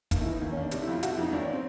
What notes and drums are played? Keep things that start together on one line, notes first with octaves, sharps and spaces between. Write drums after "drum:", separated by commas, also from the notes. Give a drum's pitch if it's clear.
D#2 D#4, drum: kick, hi-hat
E4
E3
D#4
D#2
C#4
D#2 D4
C3 D#4, drum: hi-hat
E4
F2 F4
C3 F#4, drum: hi-hat
E4
F2
D#4
G#1 D4
C#4
C4